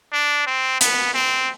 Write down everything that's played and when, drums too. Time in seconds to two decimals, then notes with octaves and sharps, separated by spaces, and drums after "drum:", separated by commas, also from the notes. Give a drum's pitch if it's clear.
0.13 D4
0.47 C4
0.81 B3, drum: hi-hat
1.14 C4